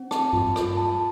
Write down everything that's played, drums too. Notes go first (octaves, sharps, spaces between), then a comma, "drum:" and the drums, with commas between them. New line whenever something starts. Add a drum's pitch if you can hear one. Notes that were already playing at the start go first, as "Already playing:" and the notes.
Already playing: C4
A5, drum: rim click
F4, drum: tom G2
F4, drum: rim click
A5